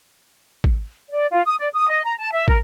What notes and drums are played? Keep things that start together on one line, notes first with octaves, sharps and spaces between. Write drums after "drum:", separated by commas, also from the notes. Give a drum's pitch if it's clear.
drum: kick
D5
F4
D#6
D5
D#6
D#5
A#5
A5
E5
A#4, drum: kick